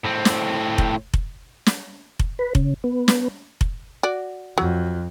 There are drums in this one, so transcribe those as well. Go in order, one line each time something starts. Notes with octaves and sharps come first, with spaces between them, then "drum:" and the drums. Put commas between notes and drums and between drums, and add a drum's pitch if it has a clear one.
A2 C4
drum: snare
drum: kick F1
drum: kick F1
drum: snare
drum: kick F1
B4
C#3, drum: kick F1
B3
drum: snare
drum: kick F1
F#4 D5
F2 F#3